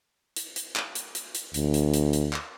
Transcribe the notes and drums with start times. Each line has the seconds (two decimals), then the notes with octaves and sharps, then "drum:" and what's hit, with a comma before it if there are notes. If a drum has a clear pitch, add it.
0.36 drum: hi-hat
0.56 drum: hi-hat
0.76 drum: clap
0.95 drum: hi-hat
1.15 drum: hi-hat
1.35 drum: hi-hat
1.54 D2, drum: hi-hat
1.74 drum: hi-hat
1.94 drum: hi-hat
2.13 drum: hi-hat
2.33 drum: clap